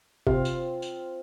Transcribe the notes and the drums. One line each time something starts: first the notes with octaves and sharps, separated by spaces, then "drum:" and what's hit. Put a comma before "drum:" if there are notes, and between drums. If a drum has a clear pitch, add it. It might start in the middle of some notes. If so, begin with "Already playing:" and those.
C3 C4 F4, drum: kick F#1
drum: tambourine
drum: tambourine